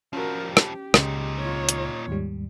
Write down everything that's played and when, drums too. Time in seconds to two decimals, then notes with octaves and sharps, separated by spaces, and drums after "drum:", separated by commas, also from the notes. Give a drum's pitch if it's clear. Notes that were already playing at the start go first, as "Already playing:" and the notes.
0.13 F3 G3 C#4 F#4 A#4
0.44 G4
0.57 drum: rim click
0.94 C#2 A#2 C#3 D#4, drum: rim click
1.38 F4 C#5
1.69 drum: hi-hat
2.08 D#2 G#2 G3